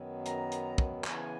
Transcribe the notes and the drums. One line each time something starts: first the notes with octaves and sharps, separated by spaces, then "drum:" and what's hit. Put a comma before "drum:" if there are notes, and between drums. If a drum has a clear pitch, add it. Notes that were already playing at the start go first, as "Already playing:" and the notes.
Already playing: F#2 D#3 F#3 B3
A#5, drum: hi-hat
drum: hi-hat
drum: kick
C#3 E3 B3 G#5, drum: clap